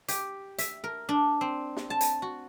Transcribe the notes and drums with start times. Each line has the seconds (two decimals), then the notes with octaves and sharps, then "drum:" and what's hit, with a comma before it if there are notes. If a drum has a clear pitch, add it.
0.08 G4, drum: hi-hat
0.58 E5, drum: hi-hat
0.84 A#4
1.09 D4
1.41 C4
1.77 drum: snare
1.90 A5
2.01 drum: hi-hat
2.22 F#4